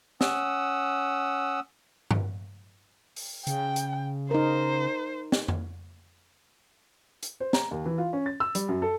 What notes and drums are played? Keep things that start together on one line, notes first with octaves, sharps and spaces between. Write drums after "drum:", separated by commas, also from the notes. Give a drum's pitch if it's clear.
C#4 F#5 D#6 E6, drum: snare
drum: tom G2
drum: open hi-hat
C#3 G5, drum: hi-hat
drum: hi-hat
D#4 A#4 C5
drum: snare
drum: tom F2
drum: hi-hat
C5
A#5, drum: snare
D#2
E3
F4
C#4
A6
E6
G3, drum: hi-hat
F#2
A4